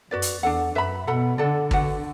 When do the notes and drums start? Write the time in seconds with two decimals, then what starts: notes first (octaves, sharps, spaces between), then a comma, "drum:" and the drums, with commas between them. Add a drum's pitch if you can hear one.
0.11 F#2 F#4 B4 D5
0.22 drum: hi-hat
0.43 E2 D4 A4 F#5
0.74 F#2 B4 E5 B5
1.07 B2 A4 F#5 B5
1.38 D3 A4 D5 F#5
1.71 D3 D4 F#4 B4 F#5, drum: kick G#1